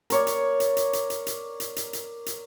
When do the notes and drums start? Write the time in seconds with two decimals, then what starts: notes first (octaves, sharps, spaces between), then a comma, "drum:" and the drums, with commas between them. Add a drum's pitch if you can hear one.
0.10 A#4 C#5 D5, drum: hi-hat
0.27 drum: hi-hat
0.60 drum: hi-hat
0.77 drum: hi-hat
0.93 drum: hi-hat
1.10 drum: hi-hat
1.27 drum: hi-hat
1.60 drum: hi-hat
1.76 drum: hi-hat
1.93 drum: hi-hat
2.26 drum: hi-hat